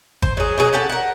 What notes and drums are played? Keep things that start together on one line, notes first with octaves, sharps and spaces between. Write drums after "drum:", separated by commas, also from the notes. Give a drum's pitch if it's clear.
C5, drum: kick G#1
F#3 G#4
B2 F#3 G#4
C#4 G4 A4 F#5
A#4 F#5